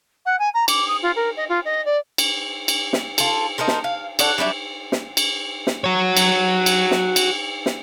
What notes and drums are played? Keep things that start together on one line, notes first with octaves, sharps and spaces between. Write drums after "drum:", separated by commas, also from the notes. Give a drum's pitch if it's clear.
F#5
G#5
A#5
D6, drum: cymbal
D#6
F4
A#4
D#5
F4
D#5
D5
drum: cymbal
drum: cymbal
drum: snare
F4 A4, drum: cymbal
D#4 A4 A#4 C5
drum: snare
F5
A4 C#5 D5 F#5, drum: cymbal
F#3 G3 D4 E5
drum: snare
drum: cymbal
drum: snare
F#4 C#5
drum: cymbal
drum: cymbal
drum: snare
drum: cymbal
drum: snare